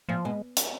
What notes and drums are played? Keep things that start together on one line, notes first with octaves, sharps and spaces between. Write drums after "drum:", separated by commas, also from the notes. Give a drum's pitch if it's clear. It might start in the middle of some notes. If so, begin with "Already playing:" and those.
A#2 F3
B2 G#3
drum: hi-hat